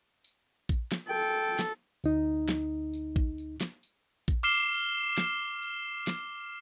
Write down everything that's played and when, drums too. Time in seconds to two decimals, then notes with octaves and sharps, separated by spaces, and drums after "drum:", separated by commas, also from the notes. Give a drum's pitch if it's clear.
0.24 drum: tambourine
0.69 drum: kick A#1, tambourine
0.92 drum: snare
1.09 A4 G5
1.59 drum: snare
2.04 D2 D#4, drum: tambourine
2.49 drum: snare
2.93 drum: tambourine
3.16 drum: kick A#1
3.38 drum: tambourine
3.61 drum: snare
3.83 drum: tambourine
4.28 drum: kick A#1, tambourine
4.43 D6 F6 C7 E7 G7
4.73 drum: tambourine
5.18 drum: snare
5.62 drum: tambourine
6.07 drum: snare